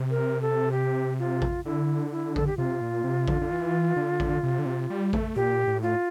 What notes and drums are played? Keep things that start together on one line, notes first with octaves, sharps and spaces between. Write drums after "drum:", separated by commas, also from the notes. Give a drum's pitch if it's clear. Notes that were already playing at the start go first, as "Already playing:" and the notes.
Already playing: C3
A#4
A4
G4
F4
drum: kick A1
D3 E4
E4
A4, drum: kick A1
G4
C3 F4
A#2
C3
D3, drum: kick A1
D3
E3
D3
drum: kick A1
C3
D3
C3
G3
A3, drum: kick A1
A#2 G4
A2
F4